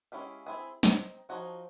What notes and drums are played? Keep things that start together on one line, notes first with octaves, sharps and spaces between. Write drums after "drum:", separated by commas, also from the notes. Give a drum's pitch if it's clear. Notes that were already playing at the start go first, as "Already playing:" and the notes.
G#3 C#4 E4 G4 F5
C4 E4 G#4
C4 D#4, drum: snare
F3 D4 D#4 F#4 C#5